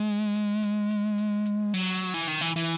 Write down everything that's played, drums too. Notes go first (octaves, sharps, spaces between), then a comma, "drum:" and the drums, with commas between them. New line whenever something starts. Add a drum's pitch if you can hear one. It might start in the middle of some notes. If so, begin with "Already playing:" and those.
Already playing: G#3
drum: hi-hat
drum: hi-hat
drum: hi-hat
drum: hi-hat
drum: hi-hat
F#3, drum: open hi-hat
drum: hi-hat
E3
D#3
E3
E3, drum: hi-hat